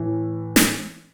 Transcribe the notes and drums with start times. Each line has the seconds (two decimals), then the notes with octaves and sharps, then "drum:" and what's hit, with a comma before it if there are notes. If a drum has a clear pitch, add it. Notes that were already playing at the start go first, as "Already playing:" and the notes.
Already playing: A2 E3
0.56 drum: snare